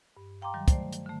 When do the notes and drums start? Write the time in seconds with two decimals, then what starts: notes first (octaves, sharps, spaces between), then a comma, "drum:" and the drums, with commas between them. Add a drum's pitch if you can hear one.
0.17 G2
0.42 F5 G5 A#5 C6 D6
0.54 D#3 F#3 G3
0.68 F#3 A3 C5 D5, drum: kick, hi-hat
0.93 drum: hi-hat
1.06 D3 A3